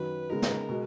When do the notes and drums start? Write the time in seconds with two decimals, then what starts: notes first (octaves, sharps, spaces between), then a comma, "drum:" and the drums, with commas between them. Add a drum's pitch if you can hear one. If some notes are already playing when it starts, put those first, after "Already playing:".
Already playing: F#2 D#3 F#3 B4
0.29 C#3 G#3 B3 D#4 A#4
0.42 drum: snare
0.69 B2 G#3